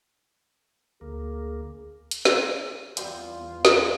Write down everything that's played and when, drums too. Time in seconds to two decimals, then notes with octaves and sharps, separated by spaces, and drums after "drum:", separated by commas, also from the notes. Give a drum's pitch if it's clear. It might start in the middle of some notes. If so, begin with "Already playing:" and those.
1.01 D2 A#3 G#4
2.11 drum: hi-hat
2.25 drum: snare
2.97 E2 G3 C4 E4 F4, drum: hi-hat
3.65 drum: snare